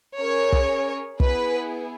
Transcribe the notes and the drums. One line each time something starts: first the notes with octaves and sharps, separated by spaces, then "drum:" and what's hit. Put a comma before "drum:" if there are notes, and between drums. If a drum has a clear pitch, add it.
C#4 G#4 A#4 C#5
drum: kick
B3 E4 G#4 B4, drum: kick